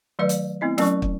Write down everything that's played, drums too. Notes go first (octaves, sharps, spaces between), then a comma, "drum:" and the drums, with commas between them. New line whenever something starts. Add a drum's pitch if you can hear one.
D#3 F#3 A3 B4 D5 F5
drum: hi-hat
A3 B3 C4 E4 D#5
F#3 A3 C#4 A#4 D5 C#6, drum: snare
drum: kick